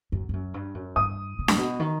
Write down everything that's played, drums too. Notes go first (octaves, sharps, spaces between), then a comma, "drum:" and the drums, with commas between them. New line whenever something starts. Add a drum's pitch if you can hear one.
F#2
G2
F#2
G2
F#2
G2 D#6
B2
A2, drum: snare D4
B2
D#3